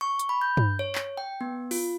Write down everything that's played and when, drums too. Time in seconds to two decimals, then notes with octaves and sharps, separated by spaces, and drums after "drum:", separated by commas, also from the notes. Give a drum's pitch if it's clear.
0.01 C#6
0.19 drum: hi-hat
0.29 B5
0.41 G6
0.57 drum: tom G2
0.79 C#5
0.95 drum: clap
1.17 G5
1.41 B3
1.71 F4, drum: open hi-hat